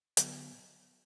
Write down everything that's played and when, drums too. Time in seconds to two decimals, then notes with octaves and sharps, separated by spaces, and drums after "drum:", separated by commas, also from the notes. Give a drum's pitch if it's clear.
0.17 D3 F#3 B3, drum: hi-hat